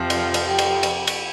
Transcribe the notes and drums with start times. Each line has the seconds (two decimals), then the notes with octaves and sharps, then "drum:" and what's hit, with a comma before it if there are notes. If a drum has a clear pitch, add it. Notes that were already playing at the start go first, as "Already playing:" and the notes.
Already playing: F2 C3 F3 C4
0.10 F4, drum: cymbal
0.34 drum: cymbal
0.46 G4
0.59 drum: cymbal
0.83 drum: cymbal
1.07 drum: cymbal